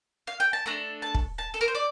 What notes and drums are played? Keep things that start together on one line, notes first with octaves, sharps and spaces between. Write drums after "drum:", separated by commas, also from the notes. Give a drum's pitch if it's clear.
F5
G5
A5
A3 D4 A4 A#5
A5
drum: kick
A5
A4
A#4
C5
D5